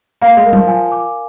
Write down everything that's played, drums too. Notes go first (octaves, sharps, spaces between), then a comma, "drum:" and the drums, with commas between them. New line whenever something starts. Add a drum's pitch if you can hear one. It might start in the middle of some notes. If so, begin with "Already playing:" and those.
A#3 F5
G#3
A#4
F3, drum: tom F#3
G#5
D6